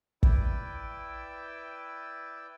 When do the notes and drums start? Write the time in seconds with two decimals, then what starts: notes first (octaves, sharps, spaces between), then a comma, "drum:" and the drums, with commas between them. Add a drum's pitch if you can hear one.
0.23 E4 B4 D5 G5 E6, drum: kick